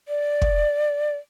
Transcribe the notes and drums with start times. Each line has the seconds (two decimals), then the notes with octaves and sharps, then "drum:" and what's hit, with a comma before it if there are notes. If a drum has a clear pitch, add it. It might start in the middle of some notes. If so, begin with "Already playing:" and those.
0.08 D5
0.42 drum: kick